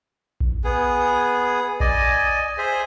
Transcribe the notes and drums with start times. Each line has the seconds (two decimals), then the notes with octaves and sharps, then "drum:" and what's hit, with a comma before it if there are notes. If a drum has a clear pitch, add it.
0.41 drum: kick A#1
0.64 B3 G#4
1.80 D5 D#5 G#5, drum: kick A#1
2.58 G#4 C5 E5